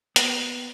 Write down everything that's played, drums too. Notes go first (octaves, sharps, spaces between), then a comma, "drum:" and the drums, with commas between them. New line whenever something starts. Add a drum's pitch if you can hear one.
B3, drum: hi-hat